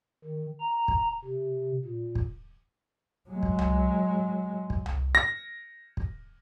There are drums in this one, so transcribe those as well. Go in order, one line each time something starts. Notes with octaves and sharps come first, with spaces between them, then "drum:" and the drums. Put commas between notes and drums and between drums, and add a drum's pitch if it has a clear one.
D#3
A#5
drum: kick
C3
A#2
drum: kick
F#3 G#3
drum: kick
drum: tom C2
drum: kick
drum: tom C2
A#6
drum: kick